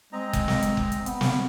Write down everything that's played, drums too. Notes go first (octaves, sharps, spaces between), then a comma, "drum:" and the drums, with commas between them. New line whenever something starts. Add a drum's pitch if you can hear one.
G#3 C4 D#5 A#5
drum: kick F#1, hi-hat
drum: snare
drum: hi-hat
drum: kick F#1
drum: hi-hat
B3, drum: hi-hat
drum: snare